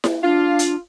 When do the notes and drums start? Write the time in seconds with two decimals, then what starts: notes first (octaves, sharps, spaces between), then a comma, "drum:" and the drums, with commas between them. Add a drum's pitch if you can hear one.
0.04 drum: snare E4
0.23 D4 F4
0.59 drum: hi-hat